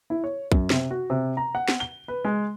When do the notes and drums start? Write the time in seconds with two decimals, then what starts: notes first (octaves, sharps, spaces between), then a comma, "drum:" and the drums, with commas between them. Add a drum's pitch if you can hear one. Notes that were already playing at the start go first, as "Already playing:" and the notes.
0.10 E4
0.24 C#5
0.52 F#2, drum: kick
0.70 C3, drum: snare
0.91 F#4
1.10 C3
1.37 A#5
1.55 F#5
1.68 drum: snare
1.80 G7
2.08 B4
2.25 G#3